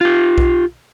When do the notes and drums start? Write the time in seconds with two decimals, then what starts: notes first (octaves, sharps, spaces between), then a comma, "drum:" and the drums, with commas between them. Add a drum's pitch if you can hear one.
0.01 F4 G4
0.38 drum: kick B1